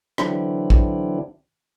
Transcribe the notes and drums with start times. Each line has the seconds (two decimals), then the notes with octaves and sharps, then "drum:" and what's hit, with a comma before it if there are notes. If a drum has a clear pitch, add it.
0.18 D3 E3 F#3 C4 D4 E4, drum: rim click
0.70 drum: kick